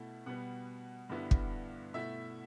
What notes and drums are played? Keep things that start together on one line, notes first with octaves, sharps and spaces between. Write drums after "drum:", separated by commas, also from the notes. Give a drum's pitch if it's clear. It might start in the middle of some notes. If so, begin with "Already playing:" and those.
Already playing: B2 A3 E4
B2 G3 B3 F#5
G2 D3 G3 B3 E4
drum: kick
B2 A3 E4 E5